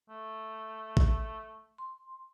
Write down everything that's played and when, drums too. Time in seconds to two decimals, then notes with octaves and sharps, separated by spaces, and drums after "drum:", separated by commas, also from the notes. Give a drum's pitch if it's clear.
0.09 A3
0.97 drum: kick
1.78 C6